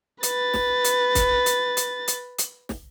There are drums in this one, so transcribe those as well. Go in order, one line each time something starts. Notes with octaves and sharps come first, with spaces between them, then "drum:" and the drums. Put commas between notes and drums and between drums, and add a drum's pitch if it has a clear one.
B4 A6, drum: hi-hat
drum: snare
drum: hi-hat
drum: kick, hi-hat
drum: hi-hat
drum: hi-hat
drum: hi-hat
drum: hi-hat
drum: snare